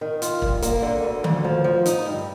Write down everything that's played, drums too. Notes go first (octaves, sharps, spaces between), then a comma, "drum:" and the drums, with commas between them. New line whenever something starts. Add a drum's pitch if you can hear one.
D#3
F4, drum: hi-hat
G2, drum: kick
A#3, drum: hi-hat
D3
D2
D2, drum: tom D3
F3
F3
D#4, drum: hi-hat
G2